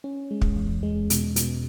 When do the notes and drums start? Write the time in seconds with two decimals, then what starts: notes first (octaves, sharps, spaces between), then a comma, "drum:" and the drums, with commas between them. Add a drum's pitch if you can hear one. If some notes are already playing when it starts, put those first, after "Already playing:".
0.04 C#4
0.31 G#3
0.41 drum: kick
0.57 E2
0.83 G#3
1.10 B2, drum: hi-hat
1.36 B2, drum: hi-hat